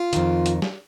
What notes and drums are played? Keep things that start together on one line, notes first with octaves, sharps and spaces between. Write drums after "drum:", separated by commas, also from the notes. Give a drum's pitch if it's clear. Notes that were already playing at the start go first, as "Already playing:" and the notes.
Already playing: F4
F2 D#3, drum: hi-hat
drum: hi-hat
drum: snare